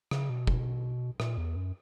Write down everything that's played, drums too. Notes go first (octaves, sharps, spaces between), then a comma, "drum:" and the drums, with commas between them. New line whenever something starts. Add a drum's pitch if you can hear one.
C#3, drum: rim click
B2
drum: kick
A#2, drum: rim click
E2
F#2